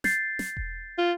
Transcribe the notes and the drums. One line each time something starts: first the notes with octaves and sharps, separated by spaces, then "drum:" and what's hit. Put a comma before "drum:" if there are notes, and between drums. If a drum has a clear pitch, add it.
G6 A6 C7, drum: snare
drum: snare
drum: kick E1
F4